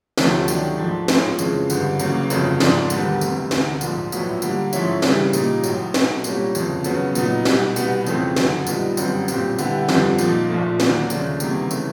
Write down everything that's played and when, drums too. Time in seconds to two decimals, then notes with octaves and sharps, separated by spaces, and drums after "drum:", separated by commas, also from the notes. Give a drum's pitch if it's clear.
0.18 D2 C3 F3 A3 C#4, drum: snare
0.48 D#3 F#3 A3 D4 G4, drum: tambourine
0.78 G#2 F3 A3 D4
1.08 A2 F3 G#3 C#4 F4, drum: snare
1.39 F2 C#3 E3 G#3, drum: tambourine
1.70 G1 G2 D3, drum: tambourine
1.99 E2 C#3 F#3 A#3, drum: tambourine
2.30 G1 F2 C#3 F#3 A3, drum: tambourine
2.60 G#2 F3 A3 D4, drum: snare
2.90 E1 D#2 D3 G3 B3, drum: tambourine
3.21 F1 E2 C3, drum: tambourine
3.51 E1 D2 D3, drum: snare
3.81 A#1 G#2 F3, drum: tambourine
4.12 A#1 A2 F#3 B3 E4, drum: tambourine
4.42 D3 G3 A#3, drum: tambourine
4.73 G#2 F3 A3 C#4 E4, drum: tambourine
5.02 C#3 E3 G3, drum: snare
5.33 A#2 G3 A#3 D#4, drum: tambourine
5.63 A1 A2 F#3, drum: tambourine
5.94 B2 F#3 A3, drum: snare
6.24 C2 A#2 G3 A#3 C#4, drum: tambourine
6.55 G1 F2 C#3, drum: tambourine
6.84 E2 C#3 F#3 B3, drum: tambourine
7.15 A#2 F#3 B3 D#4, drum: tambourine
7.45 C2 B2 G3, drum: snare
7.76 C2 B2 G3 B3, drum: tambourine
8.07 F2 C#3 E3 A3 C4, drum: tambourine
8.37 F#2 D3 F#3, drum: snare
8.67 A#1 A#2 G3 B3 D#4, drum: tambourine
8.97 G1 F#2 D3 G3 C4, drum: tambourine
9.28 B1 A#2 G3 C4, drum: tambourine
9.59 D3 G3 B3 E4 G4, drum: tambourine
9.89 G1 F2 D3 G3, drum: snare
10.18 A#2 F3 A#3 D#4, drum: tambourine
10.49 A#1 A#2 F3 A3
10.80 D#2 D3 F#3 A#3 D4, drum: snare
11.10 D#2 C#3 F3 A3 D4, drum: tambourine
11.40 E2 C3 D#3 G3 A#3, drum: tambourine
11.71 C#3 E3 A3, drum: tambourine